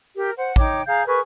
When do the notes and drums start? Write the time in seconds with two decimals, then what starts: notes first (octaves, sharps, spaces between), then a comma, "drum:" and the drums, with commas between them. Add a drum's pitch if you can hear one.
0.16 G4 A#4
0.38 C5 F#5
0.56 D#4 C#5 G5 D6, drum: kick A1
0.87 G#4 F5 A#5 G6
1.07 G#4 A#4 B4 C#6